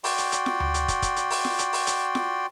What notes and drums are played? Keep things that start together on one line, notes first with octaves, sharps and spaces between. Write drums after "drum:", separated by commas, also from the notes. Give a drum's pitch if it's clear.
F#4 D5 G5 C6, drum: open hi-hat
drum: hi-hat
drum: hi-hat
drum: snare F4
drum: tom D2
drum: hi-hat
drum: kick, hi-hat
drum: kick, hi-hat
drum: hi-hat
drum: open hi-hat
drum: snare F4
drum: hi-hat
drum: open hi-hat
drum: hi-hat
drum: snare F4